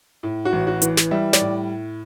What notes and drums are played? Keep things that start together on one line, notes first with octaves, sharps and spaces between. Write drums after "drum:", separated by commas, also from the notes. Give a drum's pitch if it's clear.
A2
F#4
A1
F#4
E3, drum: hi-hat
drum: snare
G3 E5
D5, drum: snare
A2